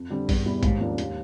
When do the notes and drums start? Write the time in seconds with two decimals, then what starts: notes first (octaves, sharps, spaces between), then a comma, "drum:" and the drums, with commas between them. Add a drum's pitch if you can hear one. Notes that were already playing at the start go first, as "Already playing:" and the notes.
Already playing: F2
0.10 D3 G3 C4
0.29 E2 G2, drum: kick A#1, open hi-hat
0.46 B2 G3 B3 E4
0.63 D#2 G#2, drum: kick A#1, hi-hat
0.80 C#3 F3 A#3 D4
0.98 D#2, drum: hi-hat